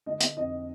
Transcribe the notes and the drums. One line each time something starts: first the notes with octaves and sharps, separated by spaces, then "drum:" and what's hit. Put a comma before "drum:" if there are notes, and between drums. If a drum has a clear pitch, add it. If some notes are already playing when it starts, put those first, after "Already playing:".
D3 D#5
drum: hi-hat
F2 D#5